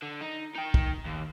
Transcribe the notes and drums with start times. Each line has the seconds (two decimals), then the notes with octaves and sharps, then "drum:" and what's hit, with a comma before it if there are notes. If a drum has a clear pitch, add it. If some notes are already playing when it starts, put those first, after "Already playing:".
0.02 D3
0.21 D#4
0.55 D#4 G5
0.74 drum: kick
1.06 D#2